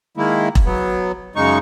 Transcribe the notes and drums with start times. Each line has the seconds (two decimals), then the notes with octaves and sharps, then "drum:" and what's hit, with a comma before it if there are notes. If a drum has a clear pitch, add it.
0.17 D#3 G#3 A#3 E4
0.55 drum: kick E1
0.65 F#3 B3
1.36 F#2 C#3 G#3 D#4 C#6